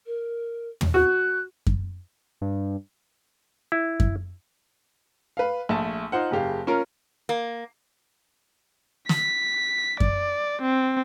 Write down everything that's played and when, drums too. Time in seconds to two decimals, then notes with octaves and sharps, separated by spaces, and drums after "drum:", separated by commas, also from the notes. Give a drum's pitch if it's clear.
0.06 A#4
0.81 drum: tom
0.94 F#4 F#6
1.67 drum: kick F#2
2.41 G2
3.72 E4
4.00 drum: kick F#2
5.37 B4 F5
5.69 A#1 A3 A5
6.12 D#4 F4 C5 F#5
6.31 F#1 C#3 G4 F5
6.67 C#4 F4 A#4
7.29 A#3
9.09 B6, drum: snare
10.00 D5, drum: kick F#2
10.62 C4